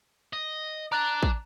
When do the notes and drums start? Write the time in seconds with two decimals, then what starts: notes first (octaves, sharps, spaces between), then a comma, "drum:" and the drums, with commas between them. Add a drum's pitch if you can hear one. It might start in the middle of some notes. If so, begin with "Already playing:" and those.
0.33 D#5
0.92 D5 A5 A#5 F#6
1.23 drum: kick